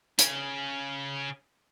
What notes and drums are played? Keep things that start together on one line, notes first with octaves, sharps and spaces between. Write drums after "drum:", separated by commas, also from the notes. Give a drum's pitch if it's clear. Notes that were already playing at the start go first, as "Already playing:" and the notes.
C#3 C#4, drum: hi-hat